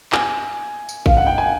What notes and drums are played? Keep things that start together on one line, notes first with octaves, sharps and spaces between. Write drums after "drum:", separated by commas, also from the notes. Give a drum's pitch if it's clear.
G#5, drum: clap
drum: tambourine
F5, drum: kick A1
F#5
G5
G#5